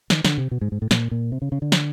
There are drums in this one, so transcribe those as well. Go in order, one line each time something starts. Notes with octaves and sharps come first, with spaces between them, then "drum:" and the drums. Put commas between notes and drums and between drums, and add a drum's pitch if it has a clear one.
D#3, drum: snare
D3, drum: snare
C3
B2
G#2
G#2
A2
A#2, drum: snare
A#2
C3
C#3
C#3
D3
drum: snare